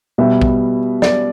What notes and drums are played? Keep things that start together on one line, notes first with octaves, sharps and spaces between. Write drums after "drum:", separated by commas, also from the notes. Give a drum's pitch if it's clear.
B2 G3 B3 E5
drum: kick A#1
D5, drum: snare